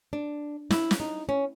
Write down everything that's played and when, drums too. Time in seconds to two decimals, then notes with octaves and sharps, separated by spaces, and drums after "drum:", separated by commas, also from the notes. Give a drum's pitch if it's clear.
0.13 D4
0.71 E4, drum: snare
0.91 drum: snare
1.00 D#4
1.29 C#4